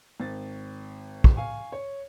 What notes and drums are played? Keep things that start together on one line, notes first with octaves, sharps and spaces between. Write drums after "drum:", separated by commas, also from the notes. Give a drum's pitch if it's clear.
G#1 A6
drum: kick
F5 G#5 C#6
C#5